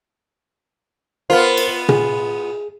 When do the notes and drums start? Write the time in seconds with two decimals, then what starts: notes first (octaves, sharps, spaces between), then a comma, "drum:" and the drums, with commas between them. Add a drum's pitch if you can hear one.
1.30 B3 F4 A#4 C5
1.57 drum: cymbal
1.89 G#4, drum: tom A#2